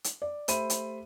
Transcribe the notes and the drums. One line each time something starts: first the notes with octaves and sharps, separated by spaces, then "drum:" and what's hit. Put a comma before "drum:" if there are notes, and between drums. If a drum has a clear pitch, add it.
drum: hi-hat
D5
A3 G4 C5 E5 B5 D#7, drum: hi-hat
drum: hi-hat